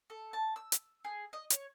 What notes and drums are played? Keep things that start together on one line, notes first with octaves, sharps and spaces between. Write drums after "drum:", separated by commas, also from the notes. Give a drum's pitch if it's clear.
A4
A5
E6
drum: hi-hat
G#4
D#5
C#5, drum: hi-hat